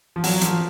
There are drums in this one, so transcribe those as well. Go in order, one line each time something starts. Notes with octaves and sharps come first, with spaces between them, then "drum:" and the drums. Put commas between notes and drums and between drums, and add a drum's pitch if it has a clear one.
F3
F#3, drum: open hi-hat
F3, drum: hi-hat